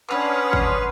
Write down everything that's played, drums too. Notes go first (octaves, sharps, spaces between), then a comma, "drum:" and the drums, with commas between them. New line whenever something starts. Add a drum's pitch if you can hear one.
C#4 D4 B4 F#5 C6 D#6 F6, drum: clap
drum: kick G#1